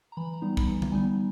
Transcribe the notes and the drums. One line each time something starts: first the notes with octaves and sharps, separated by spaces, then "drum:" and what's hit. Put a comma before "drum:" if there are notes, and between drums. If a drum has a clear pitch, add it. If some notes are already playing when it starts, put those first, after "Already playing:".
A#5
E3 B5
A#5
G3 B3 D#4
B5, drum: kick
E3 A#5
drum: tom D3
G3 B3 D#4 G#5